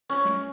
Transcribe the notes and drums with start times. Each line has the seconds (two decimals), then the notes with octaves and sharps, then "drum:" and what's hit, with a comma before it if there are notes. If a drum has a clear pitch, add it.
0.09 C#4, drum: hi-hat
0.25 drum: snare